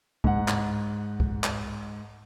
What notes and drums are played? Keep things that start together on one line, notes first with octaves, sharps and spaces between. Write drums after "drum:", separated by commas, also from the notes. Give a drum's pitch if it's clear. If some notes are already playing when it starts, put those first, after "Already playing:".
G#2 F#5, drum: kick C2
drum: clap
drum: kick C2
drum: clap